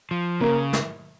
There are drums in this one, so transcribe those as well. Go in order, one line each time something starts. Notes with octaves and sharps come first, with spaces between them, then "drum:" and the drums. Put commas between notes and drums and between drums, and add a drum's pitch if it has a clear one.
F3
C#3 A#3
drum: snare